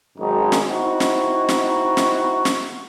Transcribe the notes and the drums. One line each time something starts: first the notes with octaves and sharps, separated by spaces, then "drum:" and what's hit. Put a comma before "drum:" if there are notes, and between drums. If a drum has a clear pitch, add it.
G#1 F#2 G#3 D#4
drum: snare
C4 D#4 E4 F#4
drum: snare
drum: snare
drum: snare
drum: snare